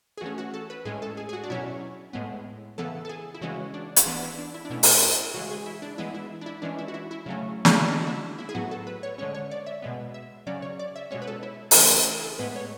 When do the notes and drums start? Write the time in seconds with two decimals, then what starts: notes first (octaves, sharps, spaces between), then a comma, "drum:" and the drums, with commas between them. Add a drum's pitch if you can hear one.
0.17 G#4
0.21 E3 A3 C#4 F#4
0.38 F#4
0.54 A4
0.70 B4
0.85 A2 G#3 C#4 G#4
1.02 A4
1.17 G#4
1.29 G#4
1.33 F#4
1.44 D4
1.50 B2 F#3 C#4 E4
2.13 A2 G#3 B3
2.78 C#3 E3 B3 A4
3.05 A4
3.09 G#4
3.34 E4
3.41 C#3 E3 G#3 C#4 F#4
3.74 D4
3.96 drum: hi-hat
4.06 E3 B3 D4
4.22 E4
4.38 D4
4.54 E4
4.65 D4
4.70 B2 A3 C#4 E4
4.83 drum: open hi-hat
5.02 E4
5.34 C#3 E3 G#3 F#4
5.50 G#4
5.66 E4
5.82 D4
5.98 E3 G#3 B3 E4
6.14 E4
6.41 D4
6.46 E4
6.62 E3 G#3 C#4 D4
6.79 E4
6.88 F#4
6.94 E4
7.11 E4
7.26 C#3 F#3 A3 C#4
7.65 drum: snare
7.80 E4
7.91 D3 G#3 C#4 D4
8.02 F#4
8.07 E4
8.39 E4
8.49 G#4
8.55 A2 F#3 B3 F#4
8.71 A4
8.87 B4
9.03 C#5
9.18 D3 G#3 C#4 C#5
9.35 C#5
9.51 D5
9.66 E5
9.82 B2 G#3 B3
10.14 E5
10.47 C#3 F#3 C#4 D5
10.62 C#5
10.79 D5
10.96 E5
11.11 B2 G#3 C#4 C#5
11.22 B4
11.27 A4
11.43 E4
11.71 D4, drum: open hi-hat
11.74 C#3 E3 A3 C#4 E4
11.91 E4
12.18 G#4
12.23 A4
12.39 A2 G#3 B3 B4
12.56 C#5